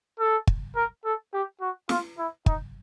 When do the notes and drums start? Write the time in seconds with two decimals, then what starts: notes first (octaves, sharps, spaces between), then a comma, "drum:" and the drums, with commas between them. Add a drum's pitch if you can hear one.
0.19 A4
0.47 drum: kick
0.76 A#4
1.05 A4
1.33 G4
1.61 F#4
1.89 F4, drum: snare
2.18 E4
2.46 D#4, drum: kick